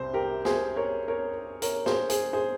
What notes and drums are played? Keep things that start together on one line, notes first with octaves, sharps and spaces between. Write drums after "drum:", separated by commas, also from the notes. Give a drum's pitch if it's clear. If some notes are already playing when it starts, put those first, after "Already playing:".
Already playing: C2 C3 C5
G4 A#4
G#4 C5, drum: snare
A#4 C#5
A#4 C#5
A#4 C#5, drum: hi-hat
G#4 C5, drum: snare
G#4 C5, drum: hi-hat
G#4 C5